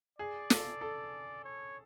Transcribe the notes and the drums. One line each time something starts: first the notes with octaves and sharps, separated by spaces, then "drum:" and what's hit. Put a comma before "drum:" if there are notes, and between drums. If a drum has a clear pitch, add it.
G#4 D5
A4, drum: snare
A4
C#5